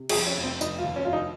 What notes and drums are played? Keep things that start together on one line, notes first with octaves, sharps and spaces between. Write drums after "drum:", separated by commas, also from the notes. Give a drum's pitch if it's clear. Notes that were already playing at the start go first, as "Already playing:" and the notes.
Already playing: C3
G#4, drum: cymbal
F2
C#4
F1
C4
F1 D#4, drum: tambourine
F4
D#2
C#4
F1 F4
D#4